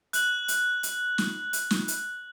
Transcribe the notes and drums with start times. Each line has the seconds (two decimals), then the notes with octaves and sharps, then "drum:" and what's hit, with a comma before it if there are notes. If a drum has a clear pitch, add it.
0.13 F#6 F#7, drum: hi-hat
0.48 drum: hi-hat
0.83 drum: hi-hat
1.18 drum: snare
1.53 drum: hi-hat
1.71 drum: snare
1.88 drum: hi-hat